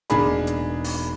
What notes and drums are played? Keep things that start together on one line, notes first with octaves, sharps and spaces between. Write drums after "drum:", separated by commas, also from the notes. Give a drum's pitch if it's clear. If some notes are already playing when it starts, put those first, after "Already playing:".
E1 A#3 D4 D#4 G#4 B5, drum: hi-hat
drum: hi-hat
drum: open hi-hat